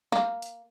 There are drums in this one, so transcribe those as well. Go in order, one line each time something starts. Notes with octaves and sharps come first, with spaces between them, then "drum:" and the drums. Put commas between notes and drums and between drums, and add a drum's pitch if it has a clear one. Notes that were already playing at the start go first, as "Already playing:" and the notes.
A#3, drum: snare
drum: hi-hat